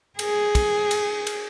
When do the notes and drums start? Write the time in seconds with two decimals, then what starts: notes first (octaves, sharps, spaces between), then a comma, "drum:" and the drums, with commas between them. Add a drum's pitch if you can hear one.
0.19 G#4, drum: cymbal
0.55 drum: kick, cymbal
0.91 drum: cymbal
1.27 drum: cymbal